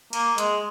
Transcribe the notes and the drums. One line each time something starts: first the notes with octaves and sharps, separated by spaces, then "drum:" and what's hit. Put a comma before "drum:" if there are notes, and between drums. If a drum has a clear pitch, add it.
A#3, drum: cymbal
G#3, drum: hi-hat